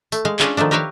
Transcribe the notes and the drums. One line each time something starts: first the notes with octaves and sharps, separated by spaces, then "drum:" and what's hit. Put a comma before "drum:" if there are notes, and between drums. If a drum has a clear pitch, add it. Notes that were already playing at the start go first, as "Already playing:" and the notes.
A3, drum: tambourine
G#3 F5
C#4 D4 F4 G#4, drum: clap
D#3 F3 A3 D4
G4 A#4 B4 C#5 E5 F5